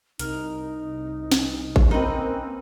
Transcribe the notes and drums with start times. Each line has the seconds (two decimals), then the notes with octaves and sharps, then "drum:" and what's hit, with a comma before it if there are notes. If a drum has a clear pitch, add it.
0.19 C2 D#4 A#4, drum: hi-hat
1.32 drum: snare
1.76 drum: kick A1
1.91 A#3 C4 C#4 D#4 B4